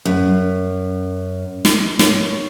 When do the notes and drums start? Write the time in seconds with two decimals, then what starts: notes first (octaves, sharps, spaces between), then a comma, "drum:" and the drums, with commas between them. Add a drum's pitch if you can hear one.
0.05 F#2
1.65 drum: snare
1.99 C#5, drum: snare